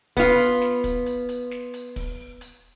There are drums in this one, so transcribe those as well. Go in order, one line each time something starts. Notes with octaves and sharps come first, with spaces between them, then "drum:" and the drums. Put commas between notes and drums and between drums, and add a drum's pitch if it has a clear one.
B3 F4, drum: kick
drum: hi-hat
drum: snare
drum: kick, hi-hat
drum: hi-hat
drum: hi-hat
drum: snare
drum: hi-hat
drum: kick, open hi-hat
drum: hi-hat